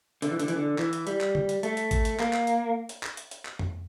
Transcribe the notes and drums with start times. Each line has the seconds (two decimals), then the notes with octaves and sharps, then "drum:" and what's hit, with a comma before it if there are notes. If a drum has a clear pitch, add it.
0.22 D3, drum: hi-hat
0.31 E3
0.39 D3, drum: hi-hat
0.48 E3, drum: hi-hat
0.56 D3
0.79 E3, drum: clap
0.93 drum: hi-hat
1.07 G3, drum: hi-hat
1.21 drum: clap
1.35 drum: tom C#3
1.49 drum: hi-hat
1.63 A3, drum: hi-hat
1.77 drum: hi-hat
1.91 drum: kick G#1, hi-hat
2.05 drum: hi-hat
2.20 A#3, drum: clap
2.33 drum: clap
2.47 drum: hi-hat
2.89 drum: hi-hat
3.03 drum: clap
3.17 drum: hi-hat
3.31 drum: hi-hat
3.45 drum: clap
3.59 drum: tom F2